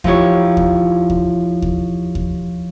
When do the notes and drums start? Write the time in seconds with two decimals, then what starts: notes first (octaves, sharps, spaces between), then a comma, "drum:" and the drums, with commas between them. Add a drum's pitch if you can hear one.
0.04 F3 D#4 E4 G4 C#5, drum: kick D#2
0.57 drum: kick D#2
1.10 drum: kick D#2
1.62 drum: kick D#2
2.15 drum: kick D#2